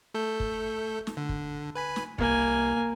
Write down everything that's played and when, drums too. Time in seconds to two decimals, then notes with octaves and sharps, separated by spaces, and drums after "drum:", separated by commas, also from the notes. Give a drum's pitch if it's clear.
0.14 A3 A4 G6
0.40 drum: kick
1.07 drum: snare
1.17 D3
1.29 drum: kick
1.75 B4 G#5 B5
1.96 drum: snare
2.18 C2 A#3 G#5, drum: kick